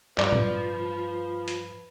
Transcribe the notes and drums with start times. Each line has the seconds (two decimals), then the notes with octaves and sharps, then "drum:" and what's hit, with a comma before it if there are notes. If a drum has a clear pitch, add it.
0.18 G2 F3 B4 D5 F5, drum: clap
0.32 drum: tom A2
1.48 drum: hi-hat